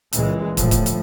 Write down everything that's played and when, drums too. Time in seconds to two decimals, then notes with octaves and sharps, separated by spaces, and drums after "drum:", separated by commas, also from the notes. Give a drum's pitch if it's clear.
0.13 C#2 A#2 E3 G#3, drum: hi-hat
0.57 G1 A2 F3 A3, drum: kick, hi-hat
0.71 drum: kick, hi-hat
0.86 drum: hi-hat